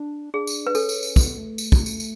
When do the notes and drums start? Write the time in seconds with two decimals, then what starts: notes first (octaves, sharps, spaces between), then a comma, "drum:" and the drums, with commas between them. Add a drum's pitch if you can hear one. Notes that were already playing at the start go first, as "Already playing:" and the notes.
Already playing: D4
0.34 D4 G#4
0.47 drum: tambourine
0.67 B4
0.75 C#4 A4, drum: tambourine
0.89 drum: tambourine
1.03 drum: tambourine
1.16 B3, drum: kick, tambourine
1.38 A3
1.58 drum: tambourine
1.72 drum: kick, tambourine
1.86 drum: tambourine
2.00 drum: tambourine